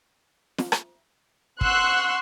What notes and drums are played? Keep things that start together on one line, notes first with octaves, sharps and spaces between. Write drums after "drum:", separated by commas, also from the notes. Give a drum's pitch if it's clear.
drum: snare
drum: rim click
F#5 C6 C#6 E6 F#6, drum: kick